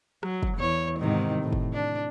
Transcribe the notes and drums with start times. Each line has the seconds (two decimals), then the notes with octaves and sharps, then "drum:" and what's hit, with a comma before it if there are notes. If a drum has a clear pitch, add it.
0.23 F#3, drum: rim click
0.43 drum: kick
0.58 E2 C#5
0.99 G#2 C3 D#3
1.43 A2
1.53 drum: kick
1.73 D4